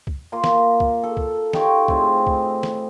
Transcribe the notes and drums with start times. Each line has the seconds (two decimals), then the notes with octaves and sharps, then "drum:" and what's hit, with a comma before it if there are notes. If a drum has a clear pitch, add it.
0.07 drum: kick
0.32 A#3 F4 A#5
0.44 drum: snare
0.80 drum: kick
1.03 A4
1.17 drum: kick
1.53 D#4 F4 G4 C#5, drum: snare
1.88 A2 C4 F4 G#4, drum: kick
2.27 drum: kick
2.63 drum: snare